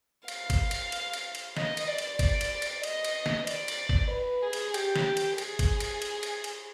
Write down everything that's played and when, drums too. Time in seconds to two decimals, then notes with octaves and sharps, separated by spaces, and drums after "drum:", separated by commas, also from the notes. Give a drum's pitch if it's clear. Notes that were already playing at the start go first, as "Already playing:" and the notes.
0.28 F5, drum: cymbal
0.50 drum: kick G#1, cymbal
0.71 drum: cymbal
0.92 drum: cymbal
1.13 drum: cymbal
1.35 drum: cymbal
1.57 D#5, drum: snare
1.77 drum: cymbal
1.88 D5
1.98 drum: cymbal
2.19 D5, drum: kick G#1, cymbal
2.41 drum: cymbal
2.62 drum: cymbal
2.83 D#5, drum: cymbal
3.05 drum: cymbal
3.26 drum: snare
3.47 D5, drum: cymbal
3.68 drum: cymbal
3.89 drum: kick G#1
4.11 B4
4.42 G#4
4.53 drum: cymbal
4.74 G4, drum: cymbal
4.96 drum: snare
5.17 drum: cymbal
5.38 G#4, drum: cymbal
5.59 drum: kick G#1, cymbal
5.80 drum: cymbal
6.02 drum: cymbal
6.23 drum: cymbal
6.44 drum: cymbal